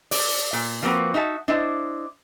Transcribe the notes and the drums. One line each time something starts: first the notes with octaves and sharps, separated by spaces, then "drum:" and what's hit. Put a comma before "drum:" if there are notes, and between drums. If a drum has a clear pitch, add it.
D5, drum: open hi-hat
A#2
F3 A#3 C4 F#4 B4
D#4 F#4 E5 A5
D4 E4 C5 D#5 E5